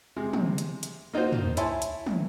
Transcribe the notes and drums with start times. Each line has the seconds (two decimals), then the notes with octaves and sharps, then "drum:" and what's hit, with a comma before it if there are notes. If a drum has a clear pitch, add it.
0.16 C3 G#3
0.33 drum: tom
0.58 drum: hi-hat
0.83 drum: hi-hat
1.14 A#3 D#4 F4 F#4 C5
1.32 drum: tom
1.57 E4 C#5 E5 G#5 A5 C6, drum: hi-hat
1.82 drum: hi-hat
2.06 drum: tom